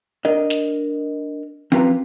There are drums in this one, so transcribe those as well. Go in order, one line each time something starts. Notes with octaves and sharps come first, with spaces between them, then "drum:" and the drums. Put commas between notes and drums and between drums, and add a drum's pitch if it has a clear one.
D4 A#4 D#5
drum: snare
C4 C#4 F4 G4 B4 A#5, drum: tom F3